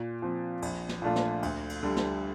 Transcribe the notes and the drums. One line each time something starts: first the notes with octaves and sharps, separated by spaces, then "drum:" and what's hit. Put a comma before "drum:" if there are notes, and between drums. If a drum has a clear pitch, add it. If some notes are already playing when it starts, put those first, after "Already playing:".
Already playing: A#2
F3 C4
A#1, drum: cymbal
drum: snare
A#2 A3 D4 F4
drum: snare
D2, drum: cymbal
drum: cymbal
D3 G3
drum: snare